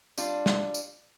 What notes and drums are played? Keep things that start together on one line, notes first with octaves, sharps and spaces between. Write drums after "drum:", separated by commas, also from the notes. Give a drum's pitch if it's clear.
G3 D4 F4, drum: tambourine
drum: snare
drum: tambourine